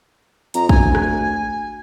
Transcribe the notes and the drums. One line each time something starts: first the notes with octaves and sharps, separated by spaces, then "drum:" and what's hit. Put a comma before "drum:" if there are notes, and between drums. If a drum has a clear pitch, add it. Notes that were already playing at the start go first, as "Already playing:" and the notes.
F2 A#5, drum: hi-hat
D2 G#5, drum: kick
drum: rim click